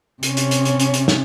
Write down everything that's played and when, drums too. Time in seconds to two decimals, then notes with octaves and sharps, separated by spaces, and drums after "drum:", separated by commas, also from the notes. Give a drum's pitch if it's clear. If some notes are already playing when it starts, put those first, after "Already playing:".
0.23 C3 C#4, drum: hi-hat
0.37 drum: hi-hat
0.51 drum: hi-hat
0.65 drum: hi-hat
0.80 drum: hi-hat
0.94 drum: hi-hat
1.08 drum: snare